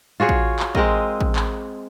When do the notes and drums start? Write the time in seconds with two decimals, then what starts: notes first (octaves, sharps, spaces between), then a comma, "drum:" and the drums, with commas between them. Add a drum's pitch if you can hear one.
0.20 F4 F#4 G#4 C#5
0.29 drum: kick
0.59 drum: clap
0.75 G#3 C4 A#4 D#5, drum: kick
1.21 drum: kick
1.36 drum: clap